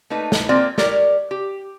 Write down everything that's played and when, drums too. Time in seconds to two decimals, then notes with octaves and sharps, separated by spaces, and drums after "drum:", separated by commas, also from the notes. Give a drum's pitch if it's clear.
0.10 A3 A#3 D#4 B4
0.32 drum: snare
0.49 A#3 C4 F4 A#4 D5 G#5
0.78 G4 A#4 C#5 D5, drum: snare
1.31 G4